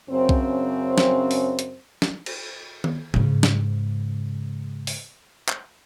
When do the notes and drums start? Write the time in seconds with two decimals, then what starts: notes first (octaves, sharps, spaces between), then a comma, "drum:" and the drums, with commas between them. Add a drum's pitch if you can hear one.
0.10 F#2 C#3 C4
0.29 drum: kick B1
0.98 drum: snare
1.31 drum: open hi-hat
1.59 drum: hi-hat
2.02 drum: snare
2.26 drum: cymbal
2.84 drum: tom D#3
3.14 G#2 C#3, drum: tom A2
3.43 drum: snare
4.87 drum: open hi-hat
5.49 drum: clap